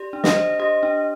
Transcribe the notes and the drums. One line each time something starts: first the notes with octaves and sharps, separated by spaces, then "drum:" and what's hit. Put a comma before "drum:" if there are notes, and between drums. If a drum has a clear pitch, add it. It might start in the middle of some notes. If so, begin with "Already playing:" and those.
Already playing: G4 D5
D4
D#5, drum: snare
C5
G4 D#5
D4